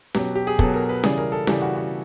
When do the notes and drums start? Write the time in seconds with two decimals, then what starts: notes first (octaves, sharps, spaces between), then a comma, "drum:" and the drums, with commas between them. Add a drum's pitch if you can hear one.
0.14 B2 F#3 G4, drum: snare C#4
0.35 G4
0.47 G#4
0.59 B2 F#3 A4, drum: kick
0.74 A#4
0.89 B4
1.04 C#3 E3 G3 G#4, drum: snare C#4
1.18 A#4
1.32 A4
1.47 C#3 E3 G3 G4, drum: snare C#4
1.61 F#4
1.76 F#4